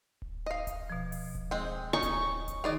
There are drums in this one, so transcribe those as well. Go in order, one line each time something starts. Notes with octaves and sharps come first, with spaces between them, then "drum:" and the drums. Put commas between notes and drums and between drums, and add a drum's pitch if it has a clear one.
drum: kick D1
D#5 F5
drum: kick D1, hi-hat
B2 F3
drum: open hi-hat
drum: kick D1
G#3 C4
C#4 D#4 A#5 C#6 D#6
drum: kick D1, hi-hat
drum: kick D1, hi-hat
D#3 D#4 G#4 D5 D#5